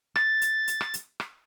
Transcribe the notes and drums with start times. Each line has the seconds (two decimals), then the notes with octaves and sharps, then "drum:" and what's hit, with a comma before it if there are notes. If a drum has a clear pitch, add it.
0.15 A6, drum: rim click
0.42 drum: hi-hat
0.68 drum: hi-hat
0.81 drum: rim click
0.94 drum: hi-hat
1.20 drum: rim click